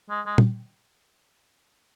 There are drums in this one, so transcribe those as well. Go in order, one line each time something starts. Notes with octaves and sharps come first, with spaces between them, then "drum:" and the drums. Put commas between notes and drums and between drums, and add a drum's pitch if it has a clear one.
G#3
G#3
drum: tom